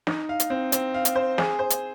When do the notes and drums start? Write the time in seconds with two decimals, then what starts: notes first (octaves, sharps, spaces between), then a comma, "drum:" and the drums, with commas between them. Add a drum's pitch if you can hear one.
0.07 D#4, drum: snare
0.29 F5
0.40 drum: hi-hat
0.50 C4
0.72 C4, drum: hi-hat
0.94 F5
1.05 drum: hi-hat
1.16 C5
1.38 G#4, drum: snare
1.59 C5
1.70 drum: hi-hat